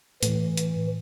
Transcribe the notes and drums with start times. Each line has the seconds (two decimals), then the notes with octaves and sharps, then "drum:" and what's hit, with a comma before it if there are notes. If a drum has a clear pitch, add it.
0.23 A2 E3, drum: hi-hat
0.57 drum: hi-hat